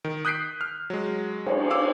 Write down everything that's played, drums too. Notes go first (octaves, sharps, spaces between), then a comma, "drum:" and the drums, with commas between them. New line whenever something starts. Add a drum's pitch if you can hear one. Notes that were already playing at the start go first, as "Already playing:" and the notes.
D#3
D#6 F#6 G6 B6 C7 D7
F6
F#3 G#3
drum: cymbal
F5 D6 E6